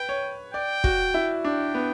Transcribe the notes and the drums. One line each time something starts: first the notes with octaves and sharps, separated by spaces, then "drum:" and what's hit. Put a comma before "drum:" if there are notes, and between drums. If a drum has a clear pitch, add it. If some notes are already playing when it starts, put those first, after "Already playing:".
Already playing: B4 G5
C#5
D5 G5
F#4, drum: kick
E4
D4 G5
B3